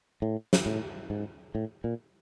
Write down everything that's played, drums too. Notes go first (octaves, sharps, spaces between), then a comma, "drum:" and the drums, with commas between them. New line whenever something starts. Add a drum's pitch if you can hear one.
A2
drum: snare
A2
G#2
A2
A#2